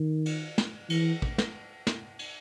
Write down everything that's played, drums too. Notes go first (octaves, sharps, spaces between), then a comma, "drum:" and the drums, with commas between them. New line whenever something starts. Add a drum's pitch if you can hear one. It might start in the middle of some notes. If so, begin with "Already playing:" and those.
Already playing: D#3
drum: cymbal
drum: snare
E3, drum: cymbal
drum: kick
drum: snare
drum: snare
drum: cymbal